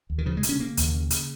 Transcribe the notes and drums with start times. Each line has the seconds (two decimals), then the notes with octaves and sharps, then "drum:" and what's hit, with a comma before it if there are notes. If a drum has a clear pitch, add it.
0.10 D#2
0.18 D#3
0.26 C#3 F3
0.37 G#3
0.43 C#3, drum: hi-hat
0.49 C#4
0.60 C#3 A#3
0.77 D#2, drum: hi-hat
0.94 C#3
1.10 C#3, drum: hi-hat